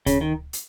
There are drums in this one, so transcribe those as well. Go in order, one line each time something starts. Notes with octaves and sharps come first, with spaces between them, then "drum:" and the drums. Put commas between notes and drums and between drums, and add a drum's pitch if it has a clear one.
C#3, drum: kick D2, hi-hat
D#3
drum: hi-hat